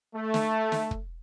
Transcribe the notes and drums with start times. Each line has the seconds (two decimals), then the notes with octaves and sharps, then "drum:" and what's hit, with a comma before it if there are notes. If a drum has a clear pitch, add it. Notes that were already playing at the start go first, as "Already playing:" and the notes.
0.15 A3
0.34 drum: snare
0.72 drum: snare
0.91 drum: kick